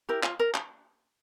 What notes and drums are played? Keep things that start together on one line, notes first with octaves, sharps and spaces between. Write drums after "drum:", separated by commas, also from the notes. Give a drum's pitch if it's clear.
E4 G4 A#4
F4, drum: clap
A#4
drum: clap